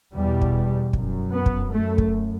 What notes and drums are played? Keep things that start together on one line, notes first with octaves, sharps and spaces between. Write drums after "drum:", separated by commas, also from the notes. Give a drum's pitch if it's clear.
E2 B2 G3
drum: kick
F#2, drum: kick
B3
drum: kick
F#2 A3
drum: kick